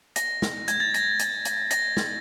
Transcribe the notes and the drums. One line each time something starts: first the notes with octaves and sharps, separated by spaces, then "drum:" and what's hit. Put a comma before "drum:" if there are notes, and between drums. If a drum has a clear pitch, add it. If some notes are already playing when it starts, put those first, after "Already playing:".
A#6, drum: hi-hat
drum: snare
G#6, drum: hi-hat
A6
A#6, drum: hi-hat
drum: hi-hat
drum: hi-hat
A#6, drum: hi-hat
drum: snare